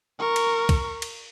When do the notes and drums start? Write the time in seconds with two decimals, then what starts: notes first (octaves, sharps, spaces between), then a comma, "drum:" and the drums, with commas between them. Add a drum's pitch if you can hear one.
0.19 A#4 C#6
0.36 drum: cymbal
0.69 drum: kick C2, cymbal
1.02 drum: cymbal